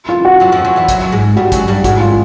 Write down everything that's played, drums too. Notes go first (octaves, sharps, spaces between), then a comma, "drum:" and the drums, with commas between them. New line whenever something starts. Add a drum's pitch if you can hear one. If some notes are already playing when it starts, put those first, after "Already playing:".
F4
F#4
F#2 F#3
F2 F3
F#2 F#3
E2 E3
F#2 F#3, drum: kick, hi-hat
G#2 G#3
G2 G3 F#4
F#2 F#3, drum: kick, hi-hat
G2 G3
G#2 G#3 F#4, drum: kick, hi-hat
F4